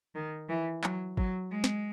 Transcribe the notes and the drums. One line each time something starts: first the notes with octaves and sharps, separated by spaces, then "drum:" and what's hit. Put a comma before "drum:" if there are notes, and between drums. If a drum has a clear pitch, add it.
D#3
E3
F#3, drum: clap
F#3, drum: kick
G#3
drum: snare